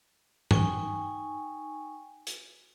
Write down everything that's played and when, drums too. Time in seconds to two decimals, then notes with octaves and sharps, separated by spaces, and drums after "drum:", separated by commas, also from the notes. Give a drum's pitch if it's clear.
0.51 D#4 G5 G#5 C#6, drum: tom G2
2.27 drum: hi-hat